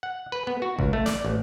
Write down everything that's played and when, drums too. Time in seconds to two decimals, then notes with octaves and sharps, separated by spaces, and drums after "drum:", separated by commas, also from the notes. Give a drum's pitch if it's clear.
0.03 F#5
0.32 B4
0.47 B3
0.62 F#4
0.79 C#2, drum: kick A1
0.93 A3
1.06 D5, drum: snare
1.25 A1